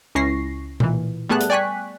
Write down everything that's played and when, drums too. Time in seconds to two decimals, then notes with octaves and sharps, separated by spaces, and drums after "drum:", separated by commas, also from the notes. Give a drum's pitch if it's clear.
0.15 C#2 C#4 E4 C#6 A#6 C7
0.80 A#2 E3, drum: tom B2
1.29 G3 A3 B3 G#4 A5 F#6
1.41 drum: hi-hat
1.50 D5 G5 G#5 C#6 F#6 B6